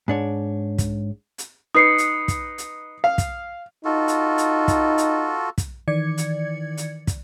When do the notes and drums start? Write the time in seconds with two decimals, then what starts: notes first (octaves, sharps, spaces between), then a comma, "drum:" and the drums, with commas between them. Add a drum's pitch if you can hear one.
0.08 G#2 D4 C#5
0.78 drum: kick, hi-hat
1.38 drum: hi-hat
1.75 D#4 B4 D#6 C7 C#7
1.98 drum: hi-hat
2.28 drum: kick, hi-hat
2.58 drum: hi-hat
3.04 F5
3.18 drum: kick, hi-hat
3.85 D#4 F4 F#4 A4
4.08 drum: hi-hat
4.38 drum: hi-hat
4.68 drum: kick, hi-hat
4.98 drum: hi-hat
5.58 drum: kick, hi-hat
5.88 D#3 E3 D5 G#6 C#7
6.18 drum: hi-hat
6.77 drum: hi-hat
7.07 drum: kick, hi-hat